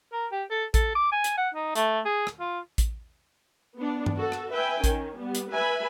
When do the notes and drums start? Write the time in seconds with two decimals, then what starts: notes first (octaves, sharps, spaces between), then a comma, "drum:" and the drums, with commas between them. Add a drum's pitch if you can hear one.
0.13 A#4
0.32 G4
0.51 A4
0.74 A4, drum: kick A1, hi-hat
0.95 D6
1.12 G#5
1.24 drum: hi-hat
1.38 F#5
1.55 D#4
1.76 A3, drum: hi-hat
2.05 G#4
2.27 drum: rim click
2.40 F4
2.78 drum: kick A1, hi-hat
3.77 B3 D4
4.06 drum: tom G2
4.16 F#4 A4
4.32 drum: rim click
4.53 B4 E5 G5 G#5
4.84 D#3 C#4, drum: kick A1, hi-hat
5.18 G3 B3
5.35 drum: hi-hat
5.52 B4 E5 G#5 B5